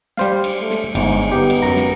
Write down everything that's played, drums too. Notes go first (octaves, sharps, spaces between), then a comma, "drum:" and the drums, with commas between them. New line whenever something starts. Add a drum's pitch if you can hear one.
G3 C5 F5, drum: snare
drum: cymbal
A3
drum: snare
G1 G#2, drum: cymbal
B3 D#4 G4
drum: cymbal
F#2 A#5
drum: snare